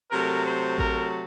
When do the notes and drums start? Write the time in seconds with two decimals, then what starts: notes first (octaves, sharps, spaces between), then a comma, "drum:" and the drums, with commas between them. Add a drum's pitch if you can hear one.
0.11 C3 F#3 A3 A#4
0.45 C5
0.78 A#4, drum: kick A1